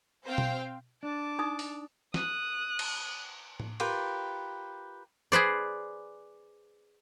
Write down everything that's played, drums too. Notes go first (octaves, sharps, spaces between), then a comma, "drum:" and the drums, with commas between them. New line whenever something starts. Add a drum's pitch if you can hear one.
C4 C5 F5 G5
drum: tom B2
D4 A5 D6
D#4 D#6
drum: open hi-hat
D#6 F#6, drum: snare
drum: cymbal
drum: tom A2
F4 G4 A#4 B4, drum: cymbal
G#4 B4 C5 D5